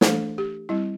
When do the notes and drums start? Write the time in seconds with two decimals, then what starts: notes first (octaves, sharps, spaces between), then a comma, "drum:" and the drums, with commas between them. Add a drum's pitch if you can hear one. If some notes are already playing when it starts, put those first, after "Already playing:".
0.01 C5, drum: snare
0.06 E3 A3 D4 A4
0.38 G4
0.69 G3 C4 E4